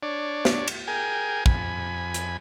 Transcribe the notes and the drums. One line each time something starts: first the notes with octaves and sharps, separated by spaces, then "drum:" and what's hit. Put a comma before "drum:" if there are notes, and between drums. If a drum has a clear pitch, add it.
D4 C#5 D5
drum: snare
drum: cymbal
G#4 A#4 G5 G#5
F2 G#5 B5, drum: kick
drum: hi-hat